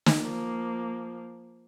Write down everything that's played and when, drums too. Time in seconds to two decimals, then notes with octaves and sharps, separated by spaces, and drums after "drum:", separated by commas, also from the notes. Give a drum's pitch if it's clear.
0.06 drum: snare
0.18 F3 A#3